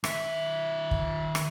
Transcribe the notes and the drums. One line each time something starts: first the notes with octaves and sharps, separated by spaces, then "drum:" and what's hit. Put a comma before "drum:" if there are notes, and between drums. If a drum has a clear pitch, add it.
D#3 E5, drum: rim click
drum: kick
drum: rim click